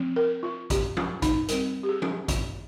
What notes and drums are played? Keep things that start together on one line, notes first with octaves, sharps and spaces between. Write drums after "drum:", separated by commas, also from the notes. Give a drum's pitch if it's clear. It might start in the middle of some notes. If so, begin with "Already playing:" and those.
Already playing: F3 C4
A#4
F4
G4, drum: kick, hi-hat
F4, drum: tom F3
D#4, drum: kick, hi-hat
G3 C4 A#4, drum: hi-hat
G4
G#4
drum: tom F3
drum: kick, hi-hat